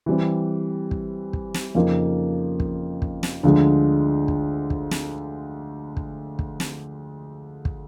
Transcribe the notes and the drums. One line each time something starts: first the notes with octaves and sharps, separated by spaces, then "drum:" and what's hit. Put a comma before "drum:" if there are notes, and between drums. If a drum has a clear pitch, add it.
E3 G3 C4
drum: kick
drum: kick
drum: snare
F2 C#3 F3 A#3 D#4
drum: kick
drum: kick
drum: snare
D2 D3 F3 G#3
drum: kick
drum: kick
drum: snare
drum: kick
drum: kick
drum: snare
drum: kick